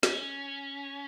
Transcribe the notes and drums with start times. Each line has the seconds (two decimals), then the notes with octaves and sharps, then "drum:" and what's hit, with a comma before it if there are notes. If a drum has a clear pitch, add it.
0.03 C#4, drum: snare